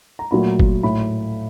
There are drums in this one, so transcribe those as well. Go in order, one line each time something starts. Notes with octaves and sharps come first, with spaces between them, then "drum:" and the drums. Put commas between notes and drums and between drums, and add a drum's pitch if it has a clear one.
A#5
A#2 F#3 A3 B5
drum: kick F#1
A2 B5